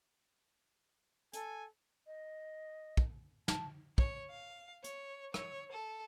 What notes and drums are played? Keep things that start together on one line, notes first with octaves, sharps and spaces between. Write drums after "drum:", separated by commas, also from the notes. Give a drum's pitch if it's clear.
A4 G#5, drum: hi-hat
D#5
drum: kick
A5, drum: snare
C#5, drum: kick
F5
C#5, drum: hi-hat
C#5, drum: rim click
A4